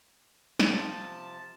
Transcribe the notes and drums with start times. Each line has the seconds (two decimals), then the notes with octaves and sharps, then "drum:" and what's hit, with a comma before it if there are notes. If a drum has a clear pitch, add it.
0.60 C3 F3 A5, drum: snare